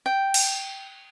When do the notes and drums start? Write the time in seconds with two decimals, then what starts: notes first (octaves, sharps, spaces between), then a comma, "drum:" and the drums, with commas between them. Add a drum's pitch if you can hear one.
0.06 G5
0.34 drum: cymbal